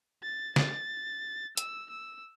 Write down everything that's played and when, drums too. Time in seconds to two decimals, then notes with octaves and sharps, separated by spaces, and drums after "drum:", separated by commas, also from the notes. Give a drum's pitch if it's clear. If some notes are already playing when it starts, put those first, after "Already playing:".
0.23 A6
0.56 A6, drum: snare
1.57 E6, drum: hi-hat
1.90 E6